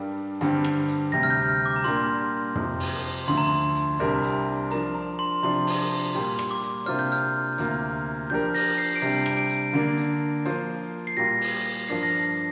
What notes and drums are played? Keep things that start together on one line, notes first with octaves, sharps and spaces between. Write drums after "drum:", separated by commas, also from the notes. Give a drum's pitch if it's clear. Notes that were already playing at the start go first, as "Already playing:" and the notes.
Already playing: G2 G3 D4 A#4
G2 D3 G3 C4, drum: hi-hat
drum: rim click
drum: hi-hat
D2 C3 G3 A#6
F6
G6
F6
D6
A#5
A#2 G3 A#3 D4 C6, drum: hi-hat
F2 C3 F3, drum: tom
drum: open hi-hat
D2 D3 F3 C6
A#5
C6
drum: hi-hat
C2 C3 G3 D4 A#4
drum: hi-hat
F3 D4 A#4 A#5, drum: hi-hat
A#5
C6
C3 F3 D4 C6
drum: open hi-hat
A#2 G3 A#3 G4 C6, drum: hi-hat
drum: rim click
D6
drum: hi-hat
C3 A#3 D4 F4 C5 F6
G6
F6, drum: hi-hat
D2 C3 A#3 F4 A#4, drum: hi-hat
F3 D4 G4 A#4 G6
A#6, drum: open hi-hat
C7
D7
C3 G3 D4 C7, drum: hi-hat
drum: rim click
D7
drum: hi-hat
D3 A#3 D4
drum: hi-hat
F3 A#3 F4 C5, drum: hi-hat
C7
A#2 G3 A#3 F4 A#6
drum: open hi-hat
G2 F3 D4 A#4 C7
A#6
C7